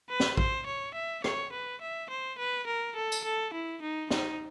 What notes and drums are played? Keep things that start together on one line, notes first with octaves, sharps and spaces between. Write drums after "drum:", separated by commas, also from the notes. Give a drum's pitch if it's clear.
B4
drum: snare
C5, drum: kick
C#5
E5
C#5, drum: rim click
B4
E5
C5
B4
A#4
A4
drum: tambourine
A4
E4
D#4
D#4, drum: snare